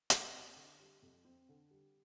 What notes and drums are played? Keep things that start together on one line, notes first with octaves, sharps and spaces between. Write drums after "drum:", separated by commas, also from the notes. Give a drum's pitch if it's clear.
F2, drum: hi-hat
C4
D3
G3
F2
C4
D3
G3